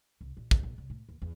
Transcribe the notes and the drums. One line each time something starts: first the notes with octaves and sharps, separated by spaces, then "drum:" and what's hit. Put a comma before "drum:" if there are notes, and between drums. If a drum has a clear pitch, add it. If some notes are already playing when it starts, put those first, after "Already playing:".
C2
A#1
D2, drum: kick
A#1
C2
A2
D#2
E2